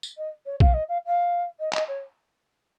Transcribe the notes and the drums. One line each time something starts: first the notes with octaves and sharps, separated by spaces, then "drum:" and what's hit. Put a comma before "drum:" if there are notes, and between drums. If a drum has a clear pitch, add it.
drum: tambourine
D#5
C#5
F5, drum: kick A#1
D#5
F5
F5
D#5
D#5, drum: clap
C#5